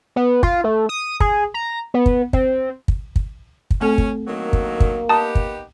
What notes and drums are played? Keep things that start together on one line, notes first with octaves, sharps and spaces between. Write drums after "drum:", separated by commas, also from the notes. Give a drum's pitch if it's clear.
B3
F4, drum: kick
A3
D#6
G#4, drum: kick
A#5
B3
drum: kick
C4, drum: kick
drum: kick
drum: kick
drum: kick
A3 C4 C#4 A4
drum: kick
D3 D#3 F#3 A#3
drum: kick
drum: kick
B3 D#4 G4 A5 A#5 D#6
drum: kick